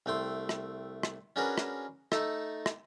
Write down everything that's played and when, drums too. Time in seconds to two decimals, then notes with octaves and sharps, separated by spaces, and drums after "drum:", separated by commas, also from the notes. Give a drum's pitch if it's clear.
0.06 C2 A3 G5 C6
0.49 drum: rim click
1.03 drum: rim click
1.36 C#4 D4 F#4 G#4 A#4 B4
1.58 drum: rim click
2.12 A3 D#4 A4, drum: rim click
2.66 drum: rim click